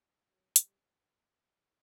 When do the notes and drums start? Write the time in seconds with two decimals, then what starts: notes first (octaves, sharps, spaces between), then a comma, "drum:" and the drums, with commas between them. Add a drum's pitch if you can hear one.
0.28 F#3
0.56 G3, drum: hi-hat